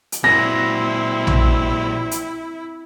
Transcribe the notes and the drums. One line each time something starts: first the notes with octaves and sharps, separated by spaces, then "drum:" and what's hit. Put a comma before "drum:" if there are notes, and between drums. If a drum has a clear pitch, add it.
drum: hi-hat
A#2 F#3 C4 E4 A#6
drum: tom A#1
drum: hi-hat